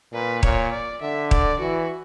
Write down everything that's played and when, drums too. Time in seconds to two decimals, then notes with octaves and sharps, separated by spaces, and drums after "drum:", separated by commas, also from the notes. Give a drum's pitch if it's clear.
0.13 A#2 B4
0.43 A#2 C#5, drum: kick D#1
0.72 D5
1.02 D3 E5
1.31 D5, drum: kick D#1
1.60 E3 F#4